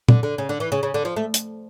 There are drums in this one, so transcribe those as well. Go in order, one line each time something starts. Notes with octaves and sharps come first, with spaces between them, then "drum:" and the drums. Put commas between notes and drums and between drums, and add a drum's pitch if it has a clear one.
D3, drum: tom
D3
C#3
D3
E3
C#3
C#3
D3
F3
A3
drum: hi-hat